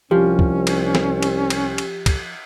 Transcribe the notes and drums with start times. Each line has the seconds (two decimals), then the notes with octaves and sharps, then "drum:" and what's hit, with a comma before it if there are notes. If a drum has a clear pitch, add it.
0.11 C2 F3 C#4 G4
0.39 drum: kick
0.67 drum: cymbal
0.95 drum: snare
1.23 drum: cymbal
1.50 drum: cymbal
1.78 drum: cymbal
2.06 drum: kick, cymbal